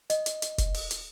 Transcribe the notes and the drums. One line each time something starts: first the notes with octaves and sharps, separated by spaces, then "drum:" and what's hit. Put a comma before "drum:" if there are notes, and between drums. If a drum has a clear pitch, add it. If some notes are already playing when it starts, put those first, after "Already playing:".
D#5, drum: hi-hat
drum: hi-hat
drum: hi-hat
drum: kick F1, hi-hat
drum: open hi-hat
drum: hi-hat